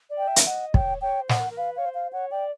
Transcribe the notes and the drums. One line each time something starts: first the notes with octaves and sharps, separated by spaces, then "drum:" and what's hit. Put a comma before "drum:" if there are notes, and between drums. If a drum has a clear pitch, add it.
D5
G5
E5
drum: hi-hat
D#5 F#5
C#5 G5, drum: kick
C#5 G5
C5
F#5, drum: snare
A#4
A#4
B4 F5
C#5 F5
C5
F5
C#5 F#5
D5 G5